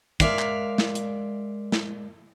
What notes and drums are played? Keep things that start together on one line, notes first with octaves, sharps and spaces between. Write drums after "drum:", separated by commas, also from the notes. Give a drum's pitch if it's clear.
G#3 A#4 D5 E5 F5, drum: kick
drum: clap
drum: snare
drum: hi-hat
drum: snare